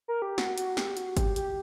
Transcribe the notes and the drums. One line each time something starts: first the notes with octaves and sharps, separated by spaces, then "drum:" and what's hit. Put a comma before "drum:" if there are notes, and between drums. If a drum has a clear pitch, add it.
A#4
G4
F#4, drum: snare
F#4, drum: hi-hat
G4, drum: snare
F#4, drum: hi-hat
G4, drum: kick G1, hi-hat
G4, drum: hi-hat